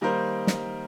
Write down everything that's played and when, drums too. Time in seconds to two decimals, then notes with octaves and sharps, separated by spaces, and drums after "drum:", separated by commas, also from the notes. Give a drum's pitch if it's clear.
0.01 D#3 G3 A#3 D#4 A#4 C5
0.47 drum: snare